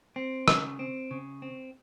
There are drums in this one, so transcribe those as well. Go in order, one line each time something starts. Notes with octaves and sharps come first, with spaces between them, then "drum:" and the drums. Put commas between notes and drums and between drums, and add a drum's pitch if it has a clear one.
C4
C#3, drum: rim click
C4
C#3
C4